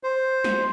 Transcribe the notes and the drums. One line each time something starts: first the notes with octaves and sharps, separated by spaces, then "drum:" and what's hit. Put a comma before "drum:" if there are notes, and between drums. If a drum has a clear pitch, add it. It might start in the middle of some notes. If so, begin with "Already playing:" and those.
C5
drum: snare